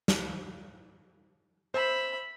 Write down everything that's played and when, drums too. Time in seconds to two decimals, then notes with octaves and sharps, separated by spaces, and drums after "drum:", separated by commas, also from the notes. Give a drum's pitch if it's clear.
0.08 drum: snare
1.74 C5 E5 B5